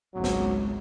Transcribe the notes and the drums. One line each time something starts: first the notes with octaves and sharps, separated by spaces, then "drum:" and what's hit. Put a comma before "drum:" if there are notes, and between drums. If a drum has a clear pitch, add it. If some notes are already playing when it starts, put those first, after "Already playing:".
G#1 C#2 A2 F#3
drum: snare